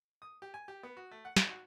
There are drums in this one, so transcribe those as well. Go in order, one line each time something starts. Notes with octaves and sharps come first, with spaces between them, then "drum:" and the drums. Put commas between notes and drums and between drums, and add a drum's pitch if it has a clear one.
D#6
G4
G#5
G4
B3
F#4
A3
F#5
G#1, drum: snare
F#4